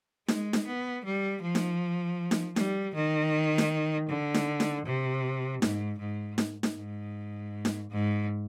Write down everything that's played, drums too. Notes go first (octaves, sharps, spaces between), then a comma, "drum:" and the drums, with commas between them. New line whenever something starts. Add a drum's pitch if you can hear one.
G#3, drum: snare D#4
drum: snare D#4
B3
G3
F3
drum: snare D#4
drum: snare D#4
G3, drum: snare D#4
D#3
drum: snare D#4
D3
drum: snare D#4
drum: snare D#4
C3
G#2, drum: snare D#4
G#2
drum: snare D#4
drum: snare D#4
G#2
drum: snare D#4
G#2